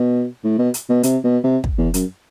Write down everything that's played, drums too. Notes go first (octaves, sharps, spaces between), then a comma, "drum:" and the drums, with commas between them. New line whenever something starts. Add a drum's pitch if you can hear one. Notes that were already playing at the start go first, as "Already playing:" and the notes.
Already playing: B2
A2
B2
drum: hi-hat
B2
C3, drum: hi-hat
B2
C3
drum: kick
E2
F#2, drum: hi-hat